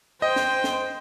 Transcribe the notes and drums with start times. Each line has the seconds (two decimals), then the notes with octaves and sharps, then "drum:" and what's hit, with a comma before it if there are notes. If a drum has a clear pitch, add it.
0.22 C5 D#5 G5
0.36 drum: snare
0.64 drum: snare